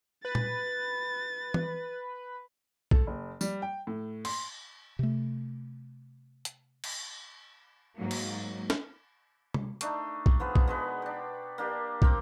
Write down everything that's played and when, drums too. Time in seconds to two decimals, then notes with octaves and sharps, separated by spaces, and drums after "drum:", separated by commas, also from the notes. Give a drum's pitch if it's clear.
0.25 B4 A6
0.35 drum: tom A#2
1.54 drum: tom E3
2.91 A4, drum: kick
3.07 F#1
3.41 G3, drum: tambourine
3.62 G5
3.87 A2
4.25 C6, drum: cymbal
4.99 C3 A3
6.45 drum: hi-hat
6.84 drum: cymbal
7.97 G#2 F#3 A#3
8.11 drum: cymbal
8.70 drum: snare
9.54 drum: tom
9.81 A3 D4 D#4, drum: hi-hat
10.26 drum: kick
10.40 F3 B3 G#4 B4
10.56 drum: kick
10.68 B2 G#3 B4
11.02 D4 G5
11.58 A#3 D4 G4
12.02 C4 A#4 G5, drum: kick